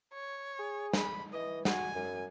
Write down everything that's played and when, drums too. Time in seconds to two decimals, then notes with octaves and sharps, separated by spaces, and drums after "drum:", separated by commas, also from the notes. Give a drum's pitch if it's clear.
0.13 C#5
0.59 G#4
0.93 B5, drum: snare
1.33 E3 D#5
1.65 F#4 G#5, drum: snare
1.95 F#2